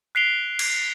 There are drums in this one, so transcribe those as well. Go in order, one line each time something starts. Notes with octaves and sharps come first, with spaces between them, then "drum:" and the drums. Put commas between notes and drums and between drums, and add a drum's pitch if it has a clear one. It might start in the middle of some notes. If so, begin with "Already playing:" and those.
F#6 B6 C7 D7 F7 G7
drum: cymbal